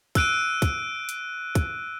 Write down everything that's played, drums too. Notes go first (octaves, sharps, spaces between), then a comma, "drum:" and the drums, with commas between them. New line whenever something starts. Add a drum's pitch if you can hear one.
E6 F#6 D7 D#7, drum: kick, hi-hat
drum: kick, hi-hat
drum: hi-hat
drum: kick, hi-hat